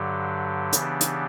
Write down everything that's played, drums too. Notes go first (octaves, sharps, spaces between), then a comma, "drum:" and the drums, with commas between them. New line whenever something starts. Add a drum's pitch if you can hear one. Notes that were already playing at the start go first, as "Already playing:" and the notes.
Already playing: G2 D3 F#3 G4
C#3 E3 B3 D4, drum: hi-hat
drum: hi-hat